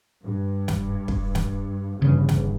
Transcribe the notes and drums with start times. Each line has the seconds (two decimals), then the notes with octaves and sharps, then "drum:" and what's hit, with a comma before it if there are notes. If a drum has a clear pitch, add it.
0.24 G2
0.68 drum: snare
1.08 drum: kick
1.35 drum: snare
2.02 G1 E2 C#3
2.29 drum: snare